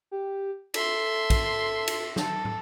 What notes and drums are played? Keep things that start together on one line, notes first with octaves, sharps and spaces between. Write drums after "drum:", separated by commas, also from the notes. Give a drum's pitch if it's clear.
G4
A4 E5 C6, drum: cymbal
drum: kick, cymbal
drum: cymbal
A4, drum: snare
drum: tom